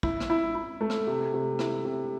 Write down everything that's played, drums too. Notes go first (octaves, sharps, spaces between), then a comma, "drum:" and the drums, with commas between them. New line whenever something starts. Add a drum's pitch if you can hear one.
E4, drum: kick
drum: rim click
E4
E4
A3
drum: rim click
C3
C3
E4, drum: rim click
C3